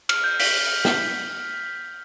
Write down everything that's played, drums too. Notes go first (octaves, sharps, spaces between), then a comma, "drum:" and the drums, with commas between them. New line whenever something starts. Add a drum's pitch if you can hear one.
F6, drum: cymbal
G6
B6, drum: open hi-hat
drum: snare